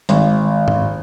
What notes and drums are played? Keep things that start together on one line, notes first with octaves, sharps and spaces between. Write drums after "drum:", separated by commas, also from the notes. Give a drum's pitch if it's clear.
G#1, drum: hi-hat
drum: tom G#2